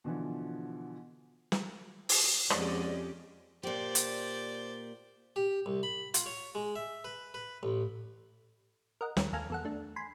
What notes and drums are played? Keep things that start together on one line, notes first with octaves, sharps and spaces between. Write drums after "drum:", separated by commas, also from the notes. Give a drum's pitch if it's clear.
B2 D3 E3 F3
drum: snare
drum: open hi-hat
A#1 F2 G#2 C#4 G4 D5 D#5, drum: rim click
A#2 G4 C5 D5
drum: hi-hat
G4
C2
B5
F4, drum: hi-hat
C#5
G#3
E5
B4
B4
A1
A#4 D#5 F#5
D#2 C#4, drum: snare
D#2 A4 F5 G#5 A#5 F6
E2 A4 F#5
A3 D4
G#5 B5 C6